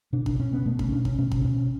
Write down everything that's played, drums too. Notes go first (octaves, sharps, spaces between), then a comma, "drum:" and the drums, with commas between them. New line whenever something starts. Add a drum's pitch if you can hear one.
B2 D4
D4, drum: kick
B2 C#4
B3
B2 A3
C#4, drum: kick
B2 D4
C#4, drum: kick
B2 C#4
drum: kick
B2 C#4